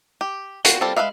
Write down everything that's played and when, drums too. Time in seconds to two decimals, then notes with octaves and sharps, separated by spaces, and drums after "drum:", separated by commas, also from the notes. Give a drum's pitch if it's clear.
0.21 G4
0.65 F4 F#4 G5, drum: hi-hat
0.81 G3 C4 F4 A4
0.96 G#3 G#4 B4 E5 F5